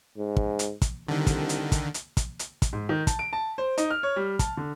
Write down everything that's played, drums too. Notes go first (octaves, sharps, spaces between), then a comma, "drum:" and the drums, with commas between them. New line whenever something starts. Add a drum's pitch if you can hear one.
G#2
drum: kick
drum: hi-hat
drum: kick, hi-hat
C2 D3 D#3
drum: kick, hi-hat
drum: hi-hat
drum: kick, hi-hat
drum: hi-hat
drum: kick, hi-hat
drum: hi-hat
drum: kick, hi-hat
G#2
D#3
A5, drum: kick, hi-hat
D7
A5
C5
D#4, drum: hi-hat
F6
C#5
G3
A5, drum: kick, hi-hat
D3